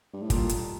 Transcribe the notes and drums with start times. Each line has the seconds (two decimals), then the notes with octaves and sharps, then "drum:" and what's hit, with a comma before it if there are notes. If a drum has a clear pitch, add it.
0.13 G2
0.22 A2
0.30 A#2 D#3 G3 D4 F4 A4, drum: kick, hi-hat
0.49 drum: hi-hat